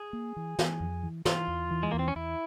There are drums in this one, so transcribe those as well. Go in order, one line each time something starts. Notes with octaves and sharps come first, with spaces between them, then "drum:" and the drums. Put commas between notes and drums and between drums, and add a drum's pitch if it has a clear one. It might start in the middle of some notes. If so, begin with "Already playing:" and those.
Already playing: G#4
A#3
E3
E3, drum: snare
F2
E3
E3 F4, drum: snare
E2
E3
G#3
E2 A#3
C4
C#4
E2 E4